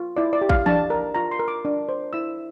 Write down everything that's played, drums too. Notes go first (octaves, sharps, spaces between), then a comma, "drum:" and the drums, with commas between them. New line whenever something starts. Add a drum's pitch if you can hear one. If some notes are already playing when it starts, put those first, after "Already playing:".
Already playing: F4
E4 D5
D5
G4
F5, drum: kick
D4 A5, drum: tom E3
A#4
F4 A#5
C6
A#4
D6
D4
C5
E4 E6